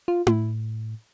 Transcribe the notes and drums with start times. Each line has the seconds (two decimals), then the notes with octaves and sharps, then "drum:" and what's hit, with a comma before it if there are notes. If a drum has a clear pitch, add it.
0.08 F4
0.27 A2, drum: tom E4